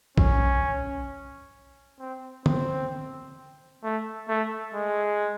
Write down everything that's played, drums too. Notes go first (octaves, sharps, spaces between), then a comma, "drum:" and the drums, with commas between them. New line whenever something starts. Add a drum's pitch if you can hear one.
C#4, drum: kick A#1
C4
C4, drum: tom
A3
A3
G#3